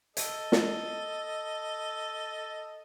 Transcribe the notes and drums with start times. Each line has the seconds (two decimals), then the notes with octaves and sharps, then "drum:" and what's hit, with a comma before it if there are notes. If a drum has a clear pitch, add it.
0.17 A4 D#5, drum: hi-hat
0.52 drum: snare